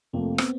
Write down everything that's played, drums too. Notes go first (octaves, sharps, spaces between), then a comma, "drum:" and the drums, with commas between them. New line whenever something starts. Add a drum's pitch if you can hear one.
F1 F2 C3 F3 A3 A#3
C4, drum: rim click
B3